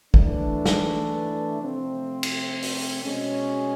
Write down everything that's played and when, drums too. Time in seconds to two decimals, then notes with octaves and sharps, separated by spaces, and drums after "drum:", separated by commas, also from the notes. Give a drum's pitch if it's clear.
0.14 E3 A3 D4, drum: kick
0.66 drum: snare
1.58 C3 F3 A3 C4
2.23 drum: cymbal
2.62 drum: open hi-hat
3.03 B2 G#3 C#4